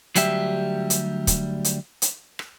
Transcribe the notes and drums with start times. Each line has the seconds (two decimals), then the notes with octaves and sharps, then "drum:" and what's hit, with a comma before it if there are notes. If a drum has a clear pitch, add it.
0.15 D2 F#3 G3 G4 E5, drum: hi-hat
0.90 drum: hi-hat
1.27 drum: kick, hi-hat
1.64 drum: hi-hat
2.02 drum: hi-hat
2.39 drum: rim click